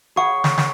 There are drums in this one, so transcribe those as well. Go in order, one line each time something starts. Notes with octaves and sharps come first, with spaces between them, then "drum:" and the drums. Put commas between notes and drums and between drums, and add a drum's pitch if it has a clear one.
G#4 C#5 F#5 B5 C#6
drum: snare
drum: snare